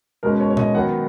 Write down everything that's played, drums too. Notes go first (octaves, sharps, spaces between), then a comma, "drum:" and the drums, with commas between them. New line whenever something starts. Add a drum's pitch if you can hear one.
B2 G#3 C#4 A#4
C#5
C#5
D#5, drum: tom A#2
D#3 F#3 B3 F#5